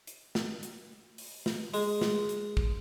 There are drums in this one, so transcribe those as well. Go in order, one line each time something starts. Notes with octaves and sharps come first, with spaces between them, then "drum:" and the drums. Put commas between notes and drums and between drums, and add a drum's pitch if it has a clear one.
drum: hi-hat
drum: snare
drum: hi-hat
drum: open hi-hat
drum: snare
G#3, drum: open hi-hat
drum: snare
drum: hi-hat
drum: kick